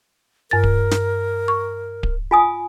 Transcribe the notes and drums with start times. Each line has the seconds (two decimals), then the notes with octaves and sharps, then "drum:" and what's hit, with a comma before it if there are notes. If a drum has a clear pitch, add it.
0.51 G2 A#4 A6
0.63 drum: kick D1
0.91 drum: snare
1.48 C#6
2.03 drum: kick D1
2.31 F4 G#5 D#6